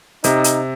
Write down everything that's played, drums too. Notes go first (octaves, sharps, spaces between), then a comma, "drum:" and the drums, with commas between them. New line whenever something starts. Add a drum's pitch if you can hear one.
C3 D#4, drum: hi-hat
drum: hi-hat